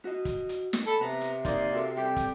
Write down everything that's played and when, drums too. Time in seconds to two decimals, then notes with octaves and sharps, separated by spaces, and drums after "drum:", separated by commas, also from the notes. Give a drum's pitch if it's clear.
0.05 F#4 D#5
0.25 drum: kick, hi-hat
0.49 drum: hi-hat
0.73 drum: snare
0.87 A4 A5 B5
1.01 C3 B3 A#5
1.21 drum: hi-hat
1.45 A#3 D#4 A#4 D5 D#5 C6, drum: kick, hi-hat
1.74 F#4 A4 A#4
1.97 G3 C4 G4 A4 G5
2.16 drum: kick, hi-hat